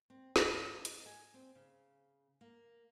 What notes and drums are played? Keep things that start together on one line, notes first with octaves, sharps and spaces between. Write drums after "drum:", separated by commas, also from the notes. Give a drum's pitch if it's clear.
C4
G#2, drum: snare
D#5, drum: hi-hat
G#5
C4
C#3
A#3